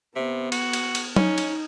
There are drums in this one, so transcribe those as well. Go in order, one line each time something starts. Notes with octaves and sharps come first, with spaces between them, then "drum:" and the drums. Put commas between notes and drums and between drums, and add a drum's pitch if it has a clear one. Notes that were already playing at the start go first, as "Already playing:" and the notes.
C3 B3
F#4, drum: cymbal
drum: cymbal
drum: cymbal
C#4 D#4, drum: tom F#3
drum: cymbal